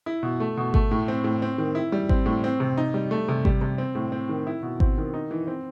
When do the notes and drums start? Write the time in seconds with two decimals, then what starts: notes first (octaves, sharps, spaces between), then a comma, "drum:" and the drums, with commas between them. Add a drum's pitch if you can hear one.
0.06 E4
0.23 B2
0.40 A3
0.57 B2
0.74 A3, drum: kick G#1
0.91 A2
1.08 C4
1.24 A2
1.42 C4
1.58 D#3
1.75 E4
1.92 G3
2.09 C4, drum: kick G#1
2.26 A2
2.44 C4
2.60 C3
2.77 D#4
2.94 G3
3.11 A3
3.28 C3
3.45 G3, drum: kick G#1
3.61 C3
3.78 C4
3.95 A2
4.12 C4
4.29 D#3
4.47 E4
4.63 B2
4.80 C4, drum: kick G#1
4.98 D#3
5.14 D#4
5.31 E3
5.47 C4